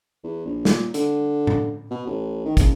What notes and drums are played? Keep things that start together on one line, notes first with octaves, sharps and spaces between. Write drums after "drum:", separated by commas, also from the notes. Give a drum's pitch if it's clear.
E2
A#1
A#2, drum: snare
D3, drum: hi-hat
drum: tom A2
B2
A1
D#3
F#1, drum: kick, hi-hat